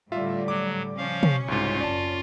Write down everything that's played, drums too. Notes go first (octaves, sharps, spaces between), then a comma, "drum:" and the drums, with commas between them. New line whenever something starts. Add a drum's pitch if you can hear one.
A2 D3 G3 F4 E5
F#3 D6
C#3 F3 C#4 F5
drum: tom
C2 G#2 F4
F#1 F#2 D5 A5